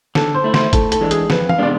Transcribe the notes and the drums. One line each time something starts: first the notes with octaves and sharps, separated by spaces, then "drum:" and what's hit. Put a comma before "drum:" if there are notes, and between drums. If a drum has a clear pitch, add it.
D3 A4, drum: snare
C5
A3 E4
C5, drum: snare
A2 A4, drum: kick G1, hi-hat
A4, drum: hi-hat
E3 G#3 D4
G#4, drum: hi-hat
F2 B4, drum: snare
F5, drum: tom E3
C3 G#3 B3 D4 D5